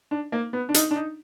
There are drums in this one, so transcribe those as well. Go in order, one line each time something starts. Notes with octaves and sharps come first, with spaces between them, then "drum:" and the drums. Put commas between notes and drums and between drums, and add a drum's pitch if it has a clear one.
D4
A#3
B3
D4
D#4, drum: hi-hat
D4
D#4